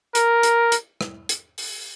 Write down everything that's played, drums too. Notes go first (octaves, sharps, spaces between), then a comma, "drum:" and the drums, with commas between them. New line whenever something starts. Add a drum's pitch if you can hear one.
A#4, drum: hi-hat
drum: hi-hat
drum: hi-hat
drum: rim click
drum: hi-hat
drum: open hi-hat